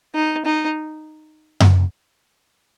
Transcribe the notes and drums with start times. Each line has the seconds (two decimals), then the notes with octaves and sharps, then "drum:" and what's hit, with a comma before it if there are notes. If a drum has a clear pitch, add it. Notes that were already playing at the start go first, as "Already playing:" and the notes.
0.14 D#4
0.45 D#4
1.60 drum: tom F#2